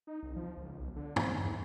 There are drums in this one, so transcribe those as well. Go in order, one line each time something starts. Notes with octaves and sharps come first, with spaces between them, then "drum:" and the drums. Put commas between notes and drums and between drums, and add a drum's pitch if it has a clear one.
D#4
C2
F3
C#2
B1
D3
D3, drum: tom
E2